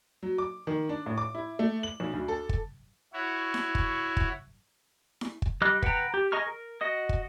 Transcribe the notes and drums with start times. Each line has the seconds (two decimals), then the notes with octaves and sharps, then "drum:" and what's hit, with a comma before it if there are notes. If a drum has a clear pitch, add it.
0.23 F#3
0.38 D6
0.67 D#3
0.89 D4
1.06 A2
1.18 D6
1.35 E4
1.59 A3
1.83 F#7
2.00 B1
2.13 D2
2.28 A4
2.49 drum: kick
3.13 E4 F#4 C#5
3.54 drum: snare E4
3.75 drum: kick
4.17 drum: kick
5.21 drum: snare E4
5.42 drum: kick
5.62 G3 D#5 D6 F6 F#6
5.82 B4 F#5 G5 A#5, drum: kick
6.14 G4
6.32 G#4 D#5 A#5 C#6 F6
6.47 A#4
6.81 F#4 D#5 D#6
7.09 drum: kick